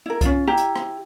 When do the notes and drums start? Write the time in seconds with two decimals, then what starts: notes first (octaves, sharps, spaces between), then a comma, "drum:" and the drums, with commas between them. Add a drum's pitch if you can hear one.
0.06 E4 A#4
0.21 C#4 F4, drum: kick C2, hi-hat
0.47 E4 G4 A#5
0.57 drum: hi-hat
0.76 drum: rim click